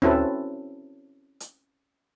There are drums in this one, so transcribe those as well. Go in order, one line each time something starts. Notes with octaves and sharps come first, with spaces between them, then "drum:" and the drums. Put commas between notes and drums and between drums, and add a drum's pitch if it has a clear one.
C4 C#4 E4 F#4 A4 B4, drum: tom D2
drum: hi-hat